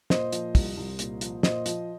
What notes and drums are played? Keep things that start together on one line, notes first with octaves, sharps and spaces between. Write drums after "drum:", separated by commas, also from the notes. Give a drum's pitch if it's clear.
A#2 C5 D#5, drum: snare
F3, drum: hi-hat
C2, drum: kick, open hi-hat
C2
A#2, drum: hi-hat
F3, drum: hi-hat
A#2 C5 D#5, drum: snare
F3, drum: hi-hat